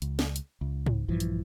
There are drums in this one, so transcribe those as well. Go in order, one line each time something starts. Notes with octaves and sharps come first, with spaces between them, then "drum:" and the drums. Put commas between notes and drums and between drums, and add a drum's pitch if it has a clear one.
C#2, drum: hi-hat
drum: snare
drum: hi-hat
C#2
drum: tom G#2
A#1 G2 E3 F3
drum: hi-hat